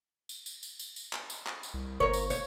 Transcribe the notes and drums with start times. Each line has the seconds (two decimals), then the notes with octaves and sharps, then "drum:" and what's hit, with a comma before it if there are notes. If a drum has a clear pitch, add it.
0.29 drum: tambourine
0.46 drum: tambourine
0.63 drum: tambourine
0.79 drum: tambourine
0.96 drum: tambourine
1.13 drum: clap
1.30 drum: tambourine
1.46 drum: clap
1.63 drum: tambourine
1.74 C2
2.00 G1 A#4 C#5
2.13 drum: tambourine
2.30 C#5, drum: tambourine